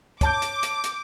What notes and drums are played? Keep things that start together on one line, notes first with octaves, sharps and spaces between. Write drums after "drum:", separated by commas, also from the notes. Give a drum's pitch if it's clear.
C#5 A5 D6 G6, drum: kick, hi-hat
drum: hi-hat
drum: hi-hat
drum: hi-hat